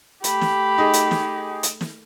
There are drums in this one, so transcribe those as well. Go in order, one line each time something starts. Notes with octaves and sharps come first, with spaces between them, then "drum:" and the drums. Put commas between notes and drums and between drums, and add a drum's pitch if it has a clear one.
A3 G4 B5, drum: hi-hat
drum: snare
D#4 G#4
drum: hi-hat
drum: snare
drum: hi-hat
drum: snare